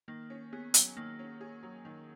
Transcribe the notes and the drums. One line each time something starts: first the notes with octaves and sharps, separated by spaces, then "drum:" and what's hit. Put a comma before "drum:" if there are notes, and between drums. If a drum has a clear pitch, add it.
D#3 A#3
C#4
B3 G#4
F#3, drum: hi-hat
D#3 A#3
C#4
G#4
F#3
D#3